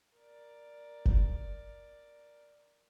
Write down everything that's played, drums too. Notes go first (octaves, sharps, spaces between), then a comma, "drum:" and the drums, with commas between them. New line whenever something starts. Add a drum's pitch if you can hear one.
A#4 D5
drum: kick F#1